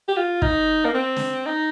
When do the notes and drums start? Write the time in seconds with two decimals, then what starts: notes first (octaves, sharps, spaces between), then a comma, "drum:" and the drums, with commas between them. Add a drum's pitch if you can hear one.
0.08 G4
0.17 F4
0.42 D#4, drum: kick
0.85 A#3
0.94 C4
1.16 drum: snare
1.46 D#4